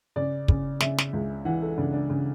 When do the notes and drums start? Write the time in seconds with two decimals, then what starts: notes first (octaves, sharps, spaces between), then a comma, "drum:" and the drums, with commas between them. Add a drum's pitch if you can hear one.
0.16 C#3 D5
0.48 C#3, drum: kick
0.80 C#3 E5, drum: snare
0.98 drum: snare
1.13 C#2
1.45 E3 F#5
1.62 A4
1.77 C#3 D4
1.93 D4
2.10 C#3